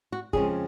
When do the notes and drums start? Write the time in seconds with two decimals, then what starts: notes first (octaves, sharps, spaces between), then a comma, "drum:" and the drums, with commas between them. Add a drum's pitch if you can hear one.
0.12 F#4
0.33 F2 C#3 F3 G#3 C#4 G#4, drum: kick